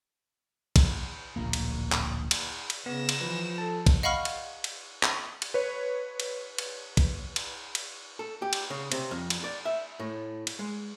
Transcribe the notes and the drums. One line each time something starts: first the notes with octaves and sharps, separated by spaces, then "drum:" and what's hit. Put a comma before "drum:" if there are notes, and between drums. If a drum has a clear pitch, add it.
drum: kick A#1, cymbal
D1 A#1 A#3
drum: cymbal
drum: clap
drum: cymbal
drum: cymbal
C#3 B3 A#6 E7
drum: cymbal
E3 F3 B4
A4 A5
drum: kick A#1, cymbal
D#5 F5 F#5 B5 C#6 F6
drum: cymbal
drum: cymbal
drum: clap
drum: cymbal
B4 C#5
drum: cymbal
drum: cymbal
drum: kick A#1, cymbal
drum: cymbal
drum: cymbal
A4
G4
drum: cymbal
C#3
C3, drum: cymbal
F2
drum: cymbal
D5
E5
A2
drum: cymbal
G#3